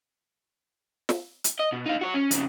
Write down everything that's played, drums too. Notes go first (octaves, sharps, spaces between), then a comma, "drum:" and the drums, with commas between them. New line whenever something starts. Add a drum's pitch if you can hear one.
drum: snare
drum: hi-hat
D#5
B2
D#4 F5
F#4 C#5
C#4
F2 C#3, drum: hi-hat